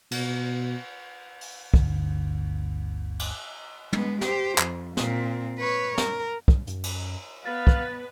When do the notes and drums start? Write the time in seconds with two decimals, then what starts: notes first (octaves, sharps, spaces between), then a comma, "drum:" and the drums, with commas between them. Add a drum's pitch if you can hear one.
0.11 B2, drum: cymbal
1.41 drum: open hi-hat
1.74 G1 D2, drum: kick
3.19 drum: cymbal
3.93 G#3 B3, drum: tom
4.21 G4 C5, drum: snare
4.58 F2, drum: clap
4.97 A#2 C4, drum: snare
5.59 B4 C#5
5.98 A#4, drum: snare
6.48 drum: kick
6.67 F#2, drum: hi-hat
6.84 drum: cymbal
7.45 B3 B4 F5 A6
7.67 drum: kick